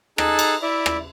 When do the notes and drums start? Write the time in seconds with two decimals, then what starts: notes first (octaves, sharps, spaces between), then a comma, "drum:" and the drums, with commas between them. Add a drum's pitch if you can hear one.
0.18 D#4 G#4 A4 A5 F#6, drum: rim click
0.39 drum: cymbal
0.62 E4 D5 E5
0.86 drum: rim click